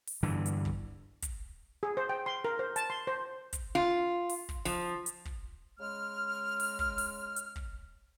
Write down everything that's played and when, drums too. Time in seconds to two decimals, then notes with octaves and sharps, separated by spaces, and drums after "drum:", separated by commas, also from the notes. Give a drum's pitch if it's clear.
0.07 drum: open hi-hat
0.23 G2 D3 E3
0.46 drum: hi-hat
0.65 drum: kick
1.22 drum: kick, hi-hat
1.83 G#4
1.97 C5
2.09 G5
2.26 C6
2.45 A#4
2.59 C5
2.76 A5, drum: hi-hat
2.90 C6
3.07 C5
3.53 drum: kick, hi-hat
3.75 F4
4.29 drum: open hi-hat
4.49 drum: kick
4.65 F3, drum: open hi-hat
5.06 drum: hi-hat
5.25 drum: kick
5.79 C#3 G#3 F6
6.60 drum: open hi-hat
6.79 drum: kick
6.98 drum: open hi-hat
7.36 drum: hi-hat
7.56 drum: kick